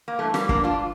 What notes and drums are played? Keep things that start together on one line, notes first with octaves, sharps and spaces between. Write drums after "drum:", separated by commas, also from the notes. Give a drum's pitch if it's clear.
A#3
G2 E3 A3
G3 A#3, drum: snare
A#3 D4, drum: kick
D4 F4